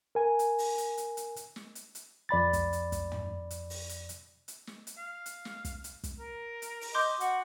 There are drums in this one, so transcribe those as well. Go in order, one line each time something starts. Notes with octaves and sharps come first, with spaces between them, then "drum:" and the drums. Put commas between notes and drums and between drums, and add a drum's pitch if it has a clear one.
A#4 G#5
drum: hi-hat
drum: open hi-hat
drum: hi-hat
drum: hi-hat
drum: hi-hat
drum: hi-hat
drum: snare
drum: hi-hat
drum: hi-hat
F2 D5 B5 A6
drum: kick, hi-hat
drum: hi-hat
drum: kick, hi-hat
drum: tom
drum: hi-hat
drum: open hi-hat
drum: hi-hat
drum: hi-hat
drum: hi-hat
drum: snare
drum: hi-hat
F5
drum: hi-hat
drum: snare
drum: kick, hi-hat
drum: hi-hat
drum: kick, hi-hat
A#4
drum: hi-hat
drum: open hi-hat
D#5 C6 D6 G6
F#4 F#5, drum: hi-hat